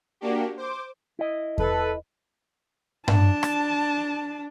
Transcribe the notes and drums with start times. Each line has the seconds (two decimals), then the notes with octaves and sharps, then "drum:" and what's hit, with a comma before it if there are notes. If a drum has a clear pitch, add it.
0.21 A#3 D4 F#4 G4
0.57 C5 D6
1.19 E4 D#5
1.58 A4 B4, drum: kick E2
3.08 D4 A5, drum: tom G2
3.43 drum: rim click